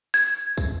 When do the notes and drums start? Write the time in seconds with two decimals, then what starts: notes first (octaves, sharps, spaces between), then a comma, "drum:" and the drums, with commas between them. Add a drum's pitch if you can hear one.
0.14 G#6, drum: tambourine
0.57 drum: kick, tambourine